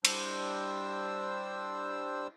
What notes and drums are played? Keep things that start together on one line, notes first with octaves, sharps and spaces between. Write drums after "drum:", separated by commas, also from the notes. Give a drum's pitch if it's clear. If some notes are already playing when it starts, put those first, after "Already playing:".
G3 D4 C5 E6, drum: cymbal